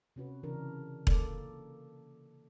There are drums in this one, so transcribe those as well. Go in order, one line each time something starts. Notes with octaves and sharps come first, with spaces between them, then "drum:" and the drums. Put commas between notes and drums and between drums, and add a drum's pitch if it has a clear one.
C3 C#4 F#4 B4
C#3 E3 D4 A#4
A#3 A4 D5, drum: kick E1